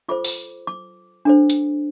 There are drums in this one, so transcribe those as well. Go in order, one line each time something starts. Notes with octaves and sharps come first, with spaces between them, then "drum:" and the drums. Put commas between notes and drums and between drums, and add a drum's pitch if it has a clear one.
F4 A4 C5 D6
drum: open hi-hat
D6
D4 A4 C5
drum: hi-hat